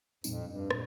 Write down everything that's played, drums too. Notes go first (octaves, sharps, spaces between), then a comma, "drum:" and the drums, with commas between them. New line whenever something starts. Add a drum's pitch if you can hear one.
F2 A#2 G3 C4 D#4, drum: tambourine
G2
A#2, drum: rim click